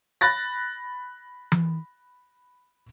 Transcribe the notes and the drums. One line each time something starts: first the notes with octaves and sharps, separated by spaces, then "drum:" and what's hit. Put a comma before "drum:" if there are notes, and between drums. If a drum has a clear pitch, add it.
B5 F#6 A6 A#6
drum: tom E3